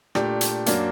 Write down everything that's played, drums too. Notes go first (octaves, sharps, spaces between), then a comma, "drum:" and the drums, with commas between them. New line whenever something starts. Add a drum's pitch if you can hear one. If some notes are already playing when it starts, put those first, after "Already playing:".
A#2 A3 D4 G4, drum: rim click
drum: hi-hat
F#2 F#3 A#3 D4, drum: hi-hat